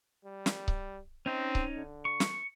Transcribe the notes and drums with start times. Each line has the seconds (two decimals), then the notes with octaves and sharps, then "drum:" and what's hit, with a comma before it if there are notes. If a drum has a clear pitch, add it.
0.25 G3
0.46 drum: snare
0.68 drum: kick C#1
1.26 C4 C#4 D#4 D#5
1.55 drum: kick C#1
1.77 D3
2.05 C#6
2.20 drum: snare